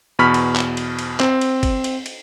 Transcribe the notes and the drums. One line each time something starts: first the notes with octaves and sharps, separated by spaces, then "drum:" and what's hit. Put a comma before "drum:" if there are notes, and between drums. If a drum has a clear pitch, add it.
E2 B2 B5 C#6 F6 B6
drum: cymbal
drum: clap
drum: cymbal
drum: cymbal
C4, drum: clap
drum: cymbal
drum: kick G1, cymbal
drum: cymbal
drum: cymbal